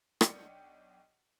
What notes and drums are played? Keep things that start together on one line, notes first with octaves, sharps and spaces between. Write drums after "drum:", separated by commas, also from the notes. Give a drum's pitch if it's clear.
B1 D4 G5 C#7, drum: rim click